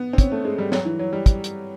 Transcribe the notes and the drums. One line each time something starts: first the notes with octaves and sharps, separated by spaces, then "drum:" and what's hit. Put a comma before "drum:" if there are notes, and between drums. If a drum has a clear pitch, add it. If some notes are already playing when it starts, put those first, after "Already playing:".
Already playing: B3
C4
C#4, drum: kick, hi-hat
A3
G#3
G3
F#3, drum: snare
E3
F#3
G3
drum: kick, hi-hat
drum: hi-hat